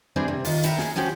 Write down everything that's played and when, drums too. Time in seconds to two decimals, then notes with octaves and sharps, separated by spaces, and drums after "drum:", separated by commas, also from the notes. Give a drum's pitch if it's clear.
0.16 G3 C4 D4 E4 G#4 C5
0.28 C3
0.45 D#3 F4, drum: open hi-hat
0.63 B4 E5 F#5 G5 A#5, drum: hi-hat
0.78 G#4, drum: snare
0.96 F3 C#4 F#4 G4 C5